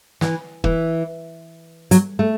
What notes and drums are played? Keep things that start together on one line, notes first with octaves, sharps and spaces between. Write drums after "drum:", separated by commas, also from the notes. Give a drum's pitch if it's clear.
E3, drum: snare
E3, drum: kick
F#3, drum: hi-hat
A3